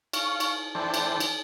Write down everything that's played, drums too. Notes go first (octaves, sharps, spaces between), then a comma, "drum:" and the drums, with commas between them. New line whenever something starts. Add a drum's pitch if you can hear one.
F5 C#6, drum: cymbal
drum: cymbal
E3 D4 A4 C5 G5 A5
drum: cymbal
drum: cymbal